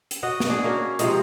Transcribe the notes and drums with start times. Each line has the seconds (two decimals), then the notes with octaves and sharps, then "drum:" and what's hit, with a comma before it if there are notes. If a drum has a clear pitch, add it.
0.11 drum: hi-hat
0.23 F#4 D#5 F#5
0.40 drum: snare
0.49 D4 G#4
0.64 A#3 C#4 F#4
0.99 C3 F3 G#3 D#4, drum: hi-hat